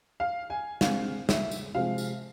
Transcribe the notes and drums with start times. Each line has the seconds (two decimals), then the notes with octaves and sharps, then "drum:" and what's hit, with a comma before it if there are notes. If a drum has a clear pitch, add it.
0.20 F5
0.50 G#5
0.81 D3 G#3 C4 F5, drum: snare
1.29 E5, drum: snare
1.51 drum: tambourine
1.75 C3 F3 G#3 C4 F5
1.98 drum: tambourine